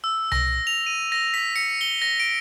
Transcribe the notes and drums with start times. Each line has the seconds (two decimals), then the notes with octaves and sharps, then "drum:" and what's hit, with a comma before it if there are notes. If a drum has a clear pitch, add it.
0.04 E6
0.32 A#6, drum: tom C2
0.67 F7
0.86 D#7
1.12 A#6
1.34 B6
1.56 C#7
1.81 G7
2.02 A#6
2.20 D7